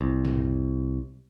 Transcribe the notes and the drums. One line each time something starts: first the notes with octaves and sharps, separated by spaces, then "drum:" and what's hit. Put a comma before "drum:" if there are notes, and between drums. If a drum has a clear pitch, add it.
C2
drum: tom